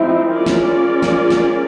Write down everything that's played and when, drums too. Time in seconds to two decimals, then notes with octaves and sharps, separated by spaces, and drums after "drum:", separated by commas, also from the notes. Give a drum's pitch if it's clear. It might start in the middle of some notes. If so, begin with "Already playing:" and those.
Already playing: F3 G#3 C4 D#4 E4
0.32 G#3 C#4 F4 A#4 D5
0.46 drum: snare
1.02 drum: snare
1.30 drum: snare